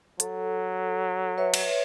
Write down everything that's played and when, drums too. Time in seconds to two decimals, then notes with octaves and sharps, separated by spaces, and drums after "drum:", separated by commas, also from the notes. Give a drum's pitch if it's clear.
0.20 F#3 A4, drum: hi-hat
1.38 B4 C#5 E5
1.54 drum: cymbal